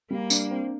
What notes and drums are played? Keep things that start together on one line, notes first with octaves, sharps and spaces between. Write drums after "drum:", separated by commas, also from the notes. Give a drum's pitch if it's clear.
G3 A#3
D4, drum: tambourine
C4